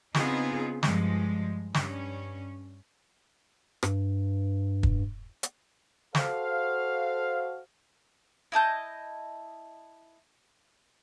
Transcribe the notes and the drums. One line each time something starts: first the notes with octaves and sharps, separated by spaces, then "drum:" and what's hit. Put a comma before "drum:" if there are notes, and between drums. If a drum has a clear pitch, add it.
C#3 B3 C4 D#4 F4 G#4, drum: snare
G2 F3 G#3, drum: snare
G2 C#4, drum: snare
G2, drum: rim click
drum: kick
drum: hi-hat
F#4 A4 C5 F5, drum: snare
E4 D#5 A5 G6